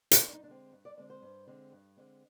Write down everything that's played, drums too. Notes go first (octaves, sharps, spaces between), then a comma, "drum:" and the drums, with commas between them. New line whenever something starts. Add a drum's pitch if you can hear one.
drum: hi-hat
G2 D4
D#4
D4
D3 G#3 C4
G2
D5
D3 G#3 C4 D5
C5
G2
D3 G#3 C4
G2
D3 G#3 C4